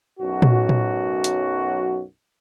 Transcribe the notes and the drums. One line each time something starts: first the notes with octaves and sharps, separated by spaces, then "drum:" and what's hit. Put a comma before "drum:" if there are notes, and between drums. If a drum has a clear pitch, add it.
B1 F#2 F#4
drum: tom
drum: tom
drum: hi-hat